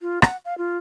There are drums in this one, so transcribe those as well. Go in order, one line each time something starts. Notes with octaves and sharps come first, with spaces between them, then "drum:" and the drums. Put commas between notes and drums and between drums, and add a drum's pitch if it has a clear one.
F4
F#5, drum: rim click
F5
F4